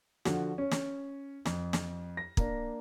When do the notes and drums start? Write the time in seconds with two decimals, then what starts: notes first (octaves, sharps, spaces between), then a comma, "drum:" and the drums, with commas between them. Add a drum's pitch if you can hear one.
0.25 D3 F3 F#4, drum: snare
0.58 C#4
0.71 drum: snare
1.45 F2, drum: snare
1.73 drum: snare
2.17 A#6
2.37 A#3 D4, drum: kick